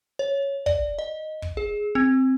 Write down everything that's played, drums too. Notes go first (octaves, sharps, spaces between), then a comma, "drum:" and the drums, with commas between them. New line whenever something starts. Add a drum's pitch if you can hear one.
C#5
D5, drum: kick
D#5
drum: kick
G#4
C4